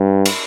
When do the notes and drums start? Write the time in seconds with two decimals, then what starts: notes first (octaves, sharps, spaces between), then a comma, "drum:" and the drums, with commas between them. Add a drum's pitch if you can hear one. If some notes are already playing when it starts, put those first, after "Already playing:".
Already playing: G2
0.26 drum: cymbal